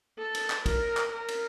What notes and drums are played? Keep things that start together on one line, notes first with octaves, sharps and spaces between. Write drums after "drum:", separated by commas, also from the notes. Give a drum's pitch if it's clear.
A4
drum: cymbal
drum: clap
A#4, drum: kick, cymbal
drum: clap
A#4
drum: cymbal